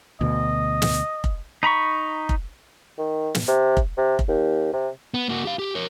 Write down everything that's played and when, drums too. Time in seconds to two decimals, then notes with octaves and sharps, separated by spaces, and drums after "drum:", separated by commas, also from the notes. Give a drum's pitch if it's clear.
0.21 D2 B2 D#5
0.82 drum: snare
1.24 drum: kick F1
1.63 D#4 A#5 B5 C#6
2.29 drum: kick F1
2.98 D#3
3.35 drum: snare
3.48 C3
3.77 drum: kick F1
3.97 C3
4.19 drum: kick F1
4.28 D#2
4.73 C3
5.14 B3
5.29 A#3 F#4
5.45 G4 F5
5.59 G4
5.75 A#4 C#5